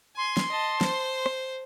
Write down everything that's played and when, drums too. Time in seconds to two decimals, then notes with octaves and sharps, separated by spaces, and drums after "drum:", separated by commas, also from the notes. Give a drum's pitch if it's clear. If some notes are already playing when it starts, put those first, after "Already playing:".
0.17 G#5 C6
0.37 drum: snare
0.49 D#5 A5
0.81 C5, drum: snare
1.26 drum: rim click